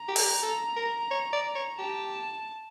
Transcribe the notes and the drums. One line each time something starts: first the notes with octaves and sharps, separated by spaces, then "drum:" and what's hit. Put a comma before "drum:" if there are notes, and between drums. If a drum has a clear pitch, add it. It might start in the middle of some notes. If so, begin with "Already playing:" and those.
Already playing: A#5
G4
A4, drum: open hi-hat
G4
A4
A#4
C#5
D5
C#5
G4 A5